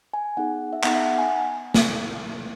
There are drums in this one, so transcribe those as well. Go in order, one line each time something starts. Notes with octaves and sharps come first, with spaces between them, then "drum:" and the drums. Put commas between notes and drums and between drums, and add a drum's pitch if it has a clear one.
G#5
B3 D#4 G#4 F#5
E5
B3 D#4 G#4 F#5, drum: clap
E5
F#5
G#5
drum: snare